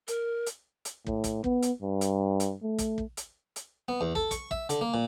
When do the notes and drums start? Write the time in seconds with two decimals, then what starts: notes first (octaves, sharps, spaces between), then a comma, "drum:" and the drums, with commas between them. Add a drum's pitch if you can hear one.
0.08 A#4, drum: hi-hat
0.46 drum: hi-hat
0.85 drum: hi-hat
1.07 A2, drum: kick
1.24 drum: kick, hi-hat
1.44 B3, drum: kick
1.62 drum: hi-hat
1.82 G2
2.01 drum: hi-hat
2.40 drum: hi-hat
2.63 A3
2.78 drum: kick, hi-hat
2.98 drum: kick
3.17 drum: hi-hat
3.56 drum: hi-hat
3.88 B3
4.01 E2
4.15 A4, drum: kick
4.31 C#6, drum: kick, hi-hat
4.51 E5, drum: kick
4.69 D3, drum: hi-hat
4.81 A#3
4.94 A#2